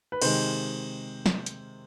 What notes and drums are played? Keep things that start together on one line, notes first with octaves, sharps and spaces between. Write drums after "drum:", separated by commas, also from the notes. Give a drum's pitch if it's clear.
B4
C3 D#3 G#3 C5, drum: cymbal
drum: snare
drum: hi-hat